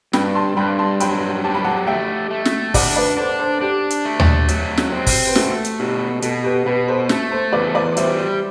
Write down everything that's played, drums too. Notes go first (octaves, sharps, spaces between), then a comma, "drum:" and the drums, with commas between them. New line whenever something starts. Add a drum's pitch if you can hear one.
G2 G5 B5, drum: snare
A5 C6
G2 G5 B5
A5 C6
F#3 G5 B5, drum: hi-hat
G4 A5
B5
F#5 A5
A3 E5 G5
A3
drum: snare
D4 D5 F#5, drum: kick, open hi-hat
B4 D5
D4 A4 C5
A4 C5
D4 G4
drum: hi-hat
A3
drum: tom D#2
F#3, drum: hi-hat
drum: snare
C4
drum: kick, open hi-hat
B4
A3 F#4 A4, drum: snare
drum: hi-hat
B2 G4
B2 F#4 A4, drum: hi-hat
G4 B4
B2 G4 B4
A4 C5
A3, drum: snare
A4 C5
E2 B4 D5
B4 D5
G3 C5 E5, drum: hi-hat